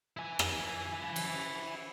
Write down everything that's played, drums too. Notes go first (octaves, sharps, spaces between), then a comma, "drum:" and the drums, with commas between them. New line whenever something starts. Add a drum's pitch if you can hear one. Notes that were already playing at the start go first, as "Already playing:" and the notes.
E4 G#5
drum: rim click
drum: cymbal